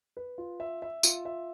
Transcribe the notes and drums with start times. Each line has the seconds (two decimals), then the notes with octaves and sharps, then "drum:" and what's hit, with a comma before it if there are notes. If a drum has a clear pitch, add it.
0.17 B4
0.38 F4
0.60 E5
0.82 E5
1.03 F4, drum: tambourine
1.25 E5